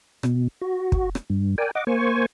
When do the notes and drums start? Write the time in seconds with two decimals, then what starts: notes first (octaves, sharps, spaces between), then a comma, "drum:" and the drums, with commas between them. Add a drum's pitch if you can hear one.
0.23 B2, drum: rim click
0.62 F#4
0.92 drum: kick
1.15 drum: rim click
1.30 G2
1.58 A#4 D5 G5 G#5
1.75 D#5 F#5 D6
1.87 A#3 C5 G#5 C#6